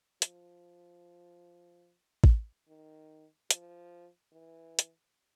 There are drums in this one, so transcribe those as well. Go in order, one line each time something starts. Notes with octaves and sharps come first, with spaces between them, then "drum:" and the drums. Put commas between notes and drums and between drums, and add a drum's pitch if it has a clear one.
F3, drum: hi-hat
drum: kick
D#3
F3, drum: hi-hat
E3
drum: hi-hat